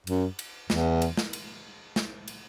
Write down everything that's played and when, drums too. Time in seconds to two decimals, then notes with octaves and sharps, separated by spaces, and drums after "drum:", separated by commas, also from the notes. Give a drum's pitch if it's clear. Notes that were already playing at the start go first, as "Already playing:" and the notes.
0.07 F#2, drum: cymbal
0.39 drum: cymbal
0.70 E2, drum: snare
1.02 drum: cymbal
1.17 drum: snare
1.33 drum: cymbal
1.96 drum: snare
2.28 drum: cymbal